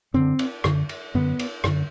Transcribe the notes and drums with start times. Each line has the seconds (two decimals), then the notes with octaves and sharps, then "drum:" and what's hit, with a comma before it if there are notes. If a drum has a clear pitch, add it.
0.14 F#2 D3 C4
0.39 drum: cymbal
0.64 F#2 D3, drum: rim click
0.89 drum: cymbal
1.15 F#2 D3 B3
1.39 drum: cymbal
1.64 F#2 D3, drum: rim click